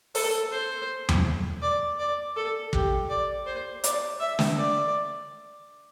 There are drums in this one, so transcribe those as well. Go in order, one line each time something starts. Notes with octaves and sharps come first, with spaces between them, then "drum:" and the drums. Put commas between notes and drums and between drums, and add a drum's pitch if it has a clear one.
A4, drum: open hi-hat
C5
drum: tom E2
D5
D5
A4
G4, drum: kick
D5
C5
D5, drum: hi-hat
E5
drum: snare
D5